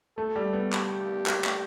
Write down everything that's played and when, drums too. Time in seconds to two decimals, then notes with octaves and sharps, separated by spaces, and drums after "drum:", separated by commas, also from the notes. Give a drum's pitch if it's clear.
0.17 A3 A4
0.36 G3
0.53 B3
0.73 G4, drum: clap
1.26 drum: clap
1.44 drum: clap